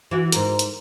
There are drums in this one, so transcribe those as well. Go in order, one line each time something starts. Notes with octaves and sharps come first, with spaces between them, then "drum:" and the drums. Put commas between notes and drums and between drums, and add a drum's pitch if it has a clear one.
E3 F#4
G#2 A#4, drum: hi-hat
drum: hi-hat